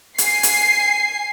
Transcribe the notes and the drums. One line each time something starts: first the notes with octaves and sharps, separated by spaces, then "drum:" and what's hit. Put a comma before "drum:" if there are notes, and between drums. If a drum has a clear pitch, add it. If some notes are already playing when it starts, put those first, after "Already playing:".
G#5 C7, drum: hi-hat
drum: hi-hat